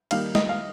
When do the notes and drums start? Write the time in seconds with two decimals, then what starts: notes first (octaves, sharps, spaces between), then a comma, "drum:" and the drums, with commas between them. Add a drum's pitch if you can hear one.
0.11 D#3 G3 A#3 D#4 F5, drum: cymbal
0.35 D#5, drum: snare
0.49 F5